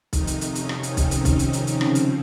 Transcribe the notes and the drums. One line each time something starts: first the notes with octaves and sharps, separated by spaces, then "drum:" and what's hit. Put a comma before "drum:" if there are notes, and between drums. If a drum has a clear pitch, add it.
F2 C3 D#3 D#4, drum: kick B1, hi-hat
drum: hi-hat
drum: hi-hat
C#4, drum: hi-hat
drum: rim click
drum: hi-hat
C4, drum: kick B1, hi-hat
drum: hi-hat
drum: kick B1, hi-hat
drum: hi-hat
drum: hi-hat
drum: hi-hat
F2 C#3 F3, drum: rim click
drum: hi-hat